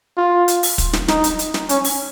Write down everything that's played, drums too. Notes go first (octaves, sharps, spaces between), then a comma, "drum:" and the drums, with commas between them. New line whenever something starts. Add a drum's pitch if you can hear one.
F4
drum: hi-hat
drum: open hi-hat
drum: kick, hi-hat
drum: snare
D#4, drum: snare
drum: hi-hat
drum: hi-hat
drum: snare
C#4, drum: hi-hat
drum: open hi-hat